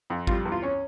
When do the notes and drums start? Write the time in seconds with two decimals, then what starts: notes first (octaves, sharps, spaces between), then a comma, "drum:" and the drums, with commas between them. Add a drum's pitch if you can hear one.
0.10 F2
0.27 G3 F4, drum: kick G#1
0.45 E2
0.52 F4
0.62 C#4 C#5